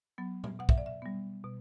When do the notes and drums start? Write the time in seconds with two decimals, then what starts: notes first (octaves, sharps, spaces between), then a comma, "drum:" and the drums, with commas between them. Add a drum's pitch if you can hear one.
0.18 F#3 B3
0.44 drum: tom B2
0.59 B2 F#5
0.69 E5, drum: kick
0.78 D5
0.86 E5
1.02 G3 B3
1.44 B2